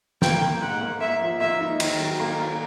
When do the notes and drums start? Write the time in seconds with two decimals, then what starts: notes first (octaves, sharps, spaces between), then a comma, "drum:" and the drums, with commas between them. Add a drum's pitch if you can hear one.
0.22 A#3 G5, drum: snare
0.42 A#3
0.61 G#2 F#5
0.81 A#3
1.01 A#3 E5
1.21 F3
1.41 A#3 E5
1.61 D#4
1.80 D#3, drum: cymbal
2.00 F#3
2.20 A#3
2.40 A#3